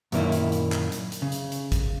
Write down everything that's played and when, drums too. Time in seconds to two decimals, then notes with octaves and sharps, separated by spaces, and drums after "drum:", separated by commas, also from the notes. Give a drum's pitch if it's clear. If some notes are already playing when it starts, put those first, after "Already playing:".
0.12 F#2 A#2 D#3 A#3 E4, drum: hi-hat
0.32 drum: hi-hat
0.52 drum: hi-hat
0.72 drum: clap
0.92 drum: hi-hat
1.12 drum: hi-hat
1.22 C#3
1.32 drum: hi-hat
1.52 drum: hi-hat
1.72 drum: kick G#1, hi-hat